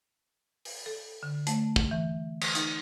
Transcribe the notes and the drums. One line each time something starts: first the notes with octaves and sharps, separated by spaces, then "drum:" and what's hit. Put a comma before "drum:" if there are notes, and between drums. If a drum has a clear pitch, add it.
drum: open hi-hat
A4
D3
A3, drum: hi-hat
drum: kick
E3
drum: cymbal
D#4, drum: hi-hat